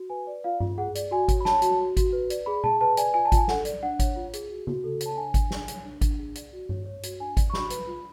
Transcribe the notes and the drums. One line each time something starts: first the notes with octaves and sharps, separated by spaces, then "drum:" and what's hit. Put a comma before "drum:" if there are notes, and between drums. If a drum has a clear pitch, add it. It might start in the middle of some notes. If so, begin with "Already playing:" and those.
Already playing: F#4
B4 G#5
D5
F4 F5
F4, drum: tom G2
G#4 F#5
D5, drum: hi-hat
F#4 G#5
C#5, drum: kick G#1, hi-hat
B5
C#5 A5, drum: snare
F#4, drum: hi-hat
F#4
F#4, drum: kick G#1, hi-hat
B4
D5, drum: hi-hat
G#4 B5
G#4 A5, drum: tom B2
B4 A5
D5 G#5, drum: hi-hat
F4 G#5
A5
F4 G#5, drum: kick G#1, hi-hat
A4 F#5, drum: snare
D5, drum: hi-hat
D4 F#5
C#5, drum: kick G#1, hi-hat
F4
G#4, drum: hi-hat
F#4
F#4, drum: tom C#3
A4
C#5, drum: hi-hat
A5
D4 G#5
D4, drum: kick G#1, hi-hat
G#4, drum: snare
C#5, drum: hi-hat
D4
D4, drum: kick G#1, hi-hat
G#4
D5, drum: hi-hat
F#4
C#5, drum: tom G2
C#5
F#4, drum: hi-hat
D4 G#5
D5, drum: kick G#1, hi-hat
C#6
F#4 B5, drum: snare
B4, drum: hi-hat
F4